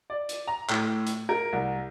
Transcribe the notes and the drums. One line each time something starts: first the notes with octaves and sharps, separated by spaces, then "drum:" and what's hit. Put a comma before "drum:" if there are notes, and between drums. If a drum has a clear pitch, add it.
D5
drum: hi-hat
A#5
A2, drum: clap
drum: hi-hat
A#4
C2